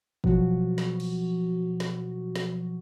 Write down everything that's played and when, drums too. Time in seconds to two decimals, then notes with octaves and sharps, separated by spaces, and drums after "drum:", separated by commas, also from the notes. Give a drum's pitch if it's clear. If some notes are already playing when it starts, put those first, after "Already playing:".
0.24 B2 F3 F#3 F#4, drum: kick
0.78 drum: snare
1.00 drum: cymbal
1.80 drum: snare
2.36 drum: snare